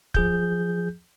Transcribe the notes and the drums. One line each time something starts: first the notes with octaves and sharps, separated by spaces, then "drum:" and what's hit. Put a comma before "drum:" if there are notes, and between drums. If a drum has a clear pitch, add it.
F3 G#4 G6, drum: kick